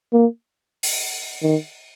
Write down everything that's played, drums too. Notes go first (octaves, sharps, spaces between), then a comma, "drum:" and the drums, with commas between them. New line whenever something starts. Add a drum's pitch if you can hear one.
A#3
drum: open hi-hat
D#3